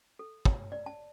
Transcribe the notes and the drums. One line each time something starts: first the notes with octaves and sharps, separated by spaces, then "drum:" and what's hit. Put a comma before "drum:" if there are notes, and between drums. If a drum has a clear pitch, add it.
A4
C#5, drum: kick
D5
A5